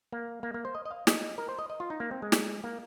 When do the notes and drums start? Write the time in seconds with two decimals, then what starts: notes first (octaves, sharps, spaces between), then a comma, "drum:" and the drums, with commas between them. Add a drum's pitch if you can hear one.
0.12 A#3
0.43 A#3
0.54 A#3
0.65 C5
0.75 D#5
0.85 D#5
0.91 F5
1.07 D#5, drum: snare
1.38 A#4
1.49 C5
1.59 D#5
1.70 D#5
1.80 F4
1.90 D#4
2.00 A#3
2.11 C4
2.22 G#3
2.32 drum: snare
2.64 A#3